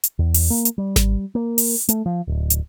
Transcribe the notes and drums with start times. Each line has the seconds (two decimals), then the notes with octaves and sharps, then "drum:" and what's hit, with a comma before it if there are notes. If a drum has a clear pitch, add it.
0.04 drum: hi-hat
0.19 E2
0.34 drum: open hi-hat
0.50 A#3
0.65 drum: hi-hat
0.78 G3
0.96 drum: snare G#1
1.35 A#3
1.58 drum: open hi-hat
1.89 A3, drum: hi-hat
2.06 F3
2.27 D1
2.50 drum: hi-hat